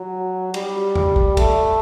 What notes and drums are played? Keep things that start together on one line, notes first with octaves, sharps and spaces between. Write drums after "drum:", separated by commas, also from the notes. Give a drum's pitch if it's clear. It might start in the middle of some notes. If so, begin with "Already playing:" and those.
Already playing: F#3
G3, drum: cymbal
drum: tom E2
drum: kick
A3, drum: kick, cymbal